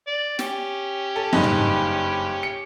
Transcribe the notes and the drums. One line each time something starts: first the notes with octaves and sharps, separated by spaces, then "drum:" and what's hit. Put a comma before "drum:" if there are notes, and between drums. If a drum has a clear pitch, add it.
D5
C#4 G4, drum: snare
A4
F#1 G2 D#4
drum: tom
C#7